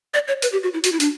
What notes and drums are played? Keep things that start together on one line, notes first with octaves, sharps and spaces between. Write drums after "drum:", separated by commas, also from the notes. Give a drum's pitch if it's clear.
D5
C#5
B4, drum: hi-hat
G4
F#4
E4
F#4, drum: hi-hat
E4
D4, drum: hi-hat